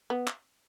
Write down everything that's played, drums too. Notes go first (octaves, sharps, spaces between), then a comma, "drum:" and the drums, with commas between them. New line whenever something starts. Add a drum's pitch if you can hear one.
B3
drum: clap